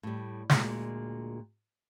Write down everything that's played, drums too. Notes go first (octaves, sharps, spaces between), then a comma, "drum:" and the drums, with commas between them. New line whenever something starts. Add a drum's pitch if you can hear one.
A2 G3
D2 A#2 G#3, drum: snare